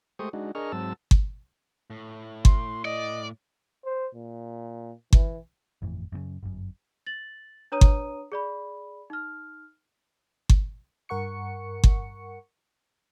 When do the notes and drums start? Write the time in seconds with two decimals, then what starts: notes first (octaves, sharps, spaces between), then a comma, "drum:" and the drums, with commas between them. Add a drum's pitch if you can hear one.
0.19 G#3 A3 G4 C5 C#6 D#6
0.33 G#3 D4 D#4 F#4
0.55 D4 G#4 A#4 D#5 C#6 F6
0.72 G#2 F#3 C4 A5 E6
1.11 drum: kick G1
1.90 A2
2.45 C6, drum: kick G1
2.85 D5 D#5
3.85 C5
4.15 A#2
5.13 E3, drum: kick G1
5.82 G1 F2 A2 E3
6.12 F#2 A#2 C#3
6.43 G1 F#2
7.06 A6 F#7
7.72 D4 B4 C#5 A#5 D#6 D#7
7.81 drum: kick G1
8.32 G#4 D5 B5
9.10 D#4 F6
10.49 drum: kick G1
11.09 G2 A#4 F#5 C#6 C#7
11.84 drum: kick G1